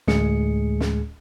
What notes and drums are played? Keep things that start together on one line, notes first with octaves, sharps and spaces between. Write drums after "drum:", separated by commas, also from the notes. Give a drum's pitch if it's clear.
D2 A2 G#3 G#4 C#7, drum: snare
drum: snare